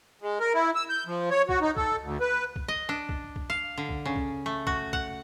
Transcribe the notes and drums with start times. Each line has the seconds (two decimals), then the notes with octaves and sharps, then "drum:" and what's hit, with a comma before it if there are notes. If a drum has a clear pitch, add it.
0.21 G#3
0.40 A#4
0.54 E4
0.75 E6
0.90 G6
1.06 F3
1.31 C#5
1.49 F#4, drum: kick
1.61 D#4
1.77 A4, drum: kick
2.02 D2
2.20 B4
2.56 drum: kick
2.68 D#5
2.89 D4
3.09 drum: kick
3.36 drum: kick
3.50 F5
3.77 D3
3.89 drum: kick
4.05 C#3
4.16 drum: kick
4.46 A3
4.67 F#4, drum: kick
4.93 F#5, drum: kick